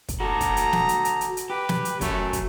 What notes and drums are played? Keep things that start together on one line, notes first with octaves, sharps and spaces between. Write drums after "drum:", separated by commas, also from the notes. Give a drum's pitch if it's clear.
drum: kick, hi-hat
F#4 A4 A#5
drum: kick, hi-hat
drum: hi-hat
drum: snare
drum: hi-hat
drum: hi-hat
drum: hi-hat
drum: hi-hat
G4 B4
drum: snare
drum: hi-hat
F#3 A3 C#4, drum: kick, hi-hat
drum: kick, hi-hat